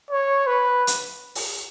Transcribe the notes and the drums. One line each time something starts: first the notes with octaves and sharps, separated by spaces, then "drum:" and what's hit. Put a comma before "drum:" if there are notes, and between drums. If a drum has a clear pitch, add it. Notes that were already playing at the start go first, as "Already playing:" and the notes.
C#5
B4
drum: hi-hat
drum: open hi-hat